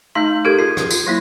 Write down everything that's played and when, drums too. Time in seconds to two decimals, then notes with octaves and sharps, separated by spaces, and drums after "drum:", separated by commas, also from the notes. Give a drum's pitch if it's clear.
0.15 A3 D#4 F5 C6 G6
0.45 G4 A4 A#4 G#6 D#7
0.59 F4 G#4 C7
0.77 drum: rim click
0.91 F4, drum: tambourine
1.07 F#3 A#3 E4 A#6